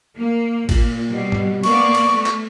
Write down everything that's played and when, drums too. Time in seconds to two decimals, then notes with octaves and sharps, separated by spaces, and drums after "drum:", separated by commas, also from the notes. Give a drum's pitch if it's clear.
0.17 A#3
0.69 A#2, drum: kick, cymbal
1.08 B2 G3
1.32 drum: tom G#2
1.63 A#3 B3 D5 C#6, drum: cymbal
1.95 drum: cymbal
2.12 A3
2.26 drum: clap